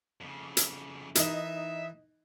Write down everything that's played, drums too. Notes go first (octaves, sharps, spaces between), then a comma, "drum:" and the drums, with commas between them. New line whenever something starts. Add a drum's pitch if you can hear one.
F2 C#3
drum: hi-hat
E3 D#4 A#4 D#5 E5 D#6, drum: hi-hat